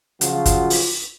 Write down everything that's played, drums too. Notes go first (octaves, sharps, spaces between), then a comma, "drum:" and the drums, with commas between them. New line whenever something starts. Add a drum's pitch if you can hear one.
C#3 F3 F#3 F4 F#4, drum: hi-hat
drum: kick, hi-hat
drum: open hi-hat